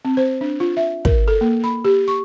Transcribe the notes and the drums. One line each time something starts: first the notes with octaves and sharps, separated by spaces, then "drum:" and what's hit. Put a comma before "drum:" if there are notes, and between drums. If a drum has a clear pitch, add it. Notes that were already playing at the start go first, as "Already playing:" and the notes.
C4
C5
D4
F4
E5
A#4, drum: kick
A4
A#3
B5
G4
C#6